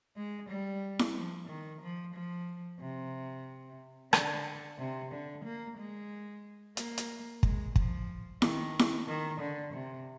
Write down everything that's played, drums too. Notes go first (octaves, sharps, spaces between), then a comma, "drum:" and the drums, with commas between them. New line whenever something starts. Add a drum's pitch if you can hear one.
G#3
G3
drum: snare E4
F3
D#3
F3
F3
C3
D3, drum: rim click
C3
D3
A#3
G#3
A#3, drum: hi-hat
drum: hi-hat
G#3, drum: kick
F3, drum: kick
D#3, drum: snare E4
drum: snare E4
D#3
D3
C3